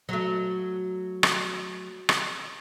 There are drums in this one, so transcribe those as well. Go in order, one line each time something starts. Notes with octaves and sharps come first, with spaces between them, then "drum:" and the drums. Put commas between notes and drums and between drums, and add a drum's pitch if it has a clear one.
F#3 A3
drum: rim click
drum: rim click